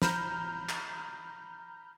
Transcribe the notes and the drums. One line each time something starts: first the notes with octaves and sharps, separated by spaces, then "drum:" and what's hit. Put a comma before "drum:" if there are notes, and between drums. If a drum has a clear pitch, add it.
A#5 B5 F6 G6, drum: snare
drum: clap